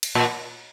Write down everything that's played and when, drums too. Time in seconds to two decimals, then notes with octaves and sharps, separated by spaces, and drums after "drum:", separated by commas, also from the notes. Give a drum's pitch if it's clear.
0.03 drum: cymbal
0.15 A#2